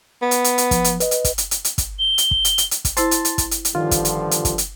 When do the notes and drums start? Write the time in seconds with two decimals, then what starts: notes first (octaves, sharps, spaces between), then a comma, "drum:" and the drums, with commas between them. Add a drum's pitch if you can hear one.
0.22 B3
0.31 drum: hi-hat
0.44 drum: hi-hat
0.58 drum: hi-hat
0.71 F3, drum: kick, hi-hat
0.84 drum: hi-hat
1.00 B4 D#5, drum: hi-hat
1.11 drum: hi-hat
1.24 drum: kick, hi-hat
1.38 drum: hi-hat
1.51 drum: hi-hat
1.65 drum: hi-hat
1.78 drum: kick, hi-hat
1.99 G7
2.18 drum: hi-hat
2.31 drum: kick
2.45 drum: hi-hat
2.58 drum: hi-hat
2.71 drum: hi-hat
2.85 drum: kick, hi-hat
2.97 E4 C5 A5 C6 A6, drum: hi-hat
3.11 drum: hi-hat
3.25 drum: hi-hat
3.38 drum: kick, hi-hat
3.51 drum: hi-hat
3.65 drum: hi-hat
3.75 G2 D3 D#3 F3 F4
3.91 drum: kick, hi-hat
4.05 drum: hi-hat
4.31 drum: hi-hat
4.45 drum: kick, hi-hat
4.58 drum: hi-hat